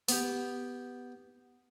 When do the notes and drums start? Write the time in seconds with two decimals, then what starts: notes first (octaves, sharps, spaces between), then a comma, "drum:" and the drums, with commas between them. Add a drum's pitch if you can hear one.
0.08 B3 G4, drum: open hi-hat